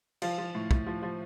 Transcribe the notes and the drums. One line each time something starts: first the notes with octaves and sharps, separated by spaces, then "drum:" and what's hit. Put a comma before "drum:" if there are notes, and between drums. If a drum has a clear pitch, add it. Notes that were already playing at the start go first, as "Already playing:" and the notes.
F3 F5, drum: cymbal
F3
A2
A2, drum: kick
F3
F3